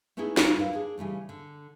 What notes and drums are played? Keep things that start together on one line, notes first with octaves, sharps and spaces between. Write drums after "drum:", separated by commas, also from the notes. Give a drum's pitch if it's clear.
A3 B3 C#4 D#4 E4 G#4
C#3 F#3, drum: snare
D2 E4 A#4 B4 F5
D4 G#4
C#3 E3 G3 A3
D3